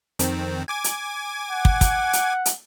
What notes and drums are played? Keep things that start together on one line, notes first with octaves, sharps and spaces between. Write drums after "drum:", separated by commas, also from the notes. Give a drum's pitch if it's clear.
F2 D#3 C4, drum: hi-hat
G#5 D6 G#6
drum: hi-hat
F#5
drum: kick
drum: kick, hi-hat
drum: hi-hat
drum: hi-hat